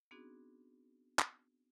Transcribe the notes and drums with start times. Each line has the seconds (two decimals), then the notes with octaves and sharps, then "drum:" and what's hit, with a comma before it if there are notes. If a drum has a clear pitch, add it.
0.11 B3 C4 D4 D#4 F#4 G#4
1.19 drum: clap